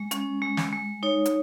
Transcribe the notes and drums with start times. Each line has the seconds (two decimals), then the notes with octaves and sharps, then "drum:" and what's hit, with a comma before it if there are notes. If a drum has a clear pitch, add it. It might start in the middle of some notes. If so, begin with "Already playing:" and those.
Already playing: G#3
0.11 C#4, drum: hi-hat
0.42 G#3
0.57 drum: snare
0.73 G#3
1.03 D#4 C#5
1.26 drum: hi-hat